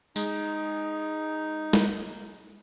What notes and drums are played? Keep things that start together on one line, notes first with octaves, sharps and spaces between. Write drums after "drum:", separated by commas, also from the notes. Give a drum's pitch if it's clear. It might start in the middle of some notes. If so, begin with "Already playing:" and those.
G#3 D#4, drum: tambourine
drum: snare